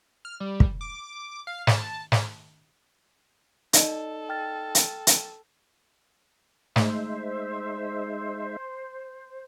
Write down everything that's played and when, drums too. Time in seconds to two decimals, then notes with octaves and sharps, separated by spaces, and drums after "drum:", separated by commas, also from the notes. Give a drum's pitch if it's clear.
0.25 F6
0.40 G3
0.60 drum: kick
0.81 D6
1.47 F5
1.67 A5, drum: snare
2.12 drum: snare
3.73 D#4 A4 D5 D#5, drum: hi-hat
4.29 G5 F6 A6
4.75 drum: hi-hat
5.07 drum: hi-hat
6.76 G#3 A3 D#4 C5 E5, drum: snare